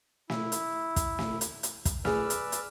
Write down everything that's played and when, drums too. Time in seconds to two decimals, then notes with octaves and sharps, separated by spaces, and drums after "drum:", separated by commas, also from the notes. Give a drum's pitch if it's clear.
0.30 E4, drum: snare
0.52 drum: hi-hat
0.96 drum: kick, hi-hat
1.19 drum: snare
1.41 drum: hi-hat
1.63 drum: hi-hat
1.85 drum: kick, hi-hat
2.05 G#4 B4 D5 E6 F6, drum: snare
2.30 drum: hi-hat
2.52 drum: hi-hat